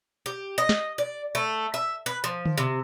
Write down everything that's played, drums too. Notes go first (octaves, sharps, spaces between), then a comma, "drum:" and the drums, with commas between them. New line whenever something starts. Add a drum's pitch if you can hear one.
G4
D#5
drum: snare
D5
A3
E5
B4
F3
drum: tom D3
C3